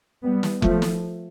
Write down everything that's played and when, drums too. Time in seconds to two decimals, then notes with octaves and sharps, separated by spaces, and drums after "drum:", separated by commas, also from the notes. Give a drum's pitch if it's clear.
0.24 G3 B3
0.43 drum: snare
0.62 F3 A3, drum: kick F1
0.82 drum: snare